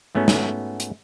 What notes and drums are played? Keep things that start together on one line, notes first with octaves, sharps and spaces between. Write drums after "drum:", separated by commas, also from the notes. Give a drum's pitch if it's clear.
G#2 A3 B3 C#4 F#4
drum: snare
drum: hi-hat